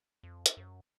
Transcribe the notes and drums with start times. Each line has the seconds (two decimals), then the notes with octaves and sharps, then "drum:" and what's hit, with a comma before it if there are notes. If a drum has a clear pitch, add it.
0.23 F2
0.46 drum: hi-hat
0.57 F#2